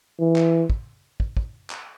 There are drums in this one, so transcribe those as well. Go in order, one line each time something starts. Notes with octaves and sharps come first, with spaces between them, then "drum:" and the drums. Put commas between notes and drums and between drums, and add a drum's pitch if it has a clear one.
E3
drum: clap
drum: kick
drum: kick
drum: kick
drum: clap